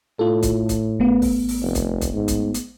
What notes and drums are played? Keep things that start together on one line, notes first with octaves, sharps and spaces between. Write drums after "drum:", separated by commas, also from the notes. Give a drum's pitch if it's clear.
A2 F4 A4
drum: kick, hi-hat
drum: kick, hi-hat
G#1 A3 B3
drum: kick, open hi-hat
drum: open hi-hat
F1
drum: kick, hi-hat
drum: kick, hi-hat
G#2
drum: kick, hi-hat
drum: hi-hat